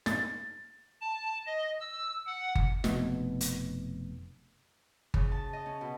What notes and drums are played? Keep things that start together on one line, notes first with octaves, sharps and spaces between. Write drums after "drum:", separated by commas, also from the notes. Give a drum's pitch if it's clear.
A6, drum: snare
A5
D#5
E6
F#5
drum: kick G1
F1 B2, drum: snare
drum: hi-hat
C#3, drum: kick G1
A5
D#5
C#4
B2